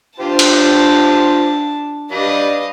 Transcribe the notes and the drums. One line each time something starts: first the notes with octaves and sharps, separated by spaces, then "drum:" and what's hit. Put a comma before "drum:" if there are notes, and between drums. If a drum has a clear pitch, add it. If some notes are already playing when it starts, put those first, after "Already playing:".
D4 F4 G4 C5 A5
drum: cymbal
G3 D4 B4 D#5 F5